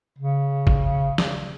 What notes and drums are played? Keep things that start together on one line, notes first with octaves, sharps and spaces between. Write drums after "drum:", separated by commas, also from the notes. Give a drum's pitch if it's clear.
C#3
drum: kick
drum: snare